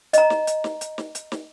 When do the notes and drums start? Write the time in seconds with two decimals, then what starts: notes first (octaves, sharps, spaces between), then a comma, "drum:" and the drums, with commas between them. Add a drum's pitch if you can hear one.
0.13 D#5 A#5, drum: hi-hat
0.30 drum: snare
0.47 drum: hi-hat
0.64 drum: snare
0.81 drum: hi-hat
0.98 drum: snare
1.15 drum: hi-hat
1.32 drum: snare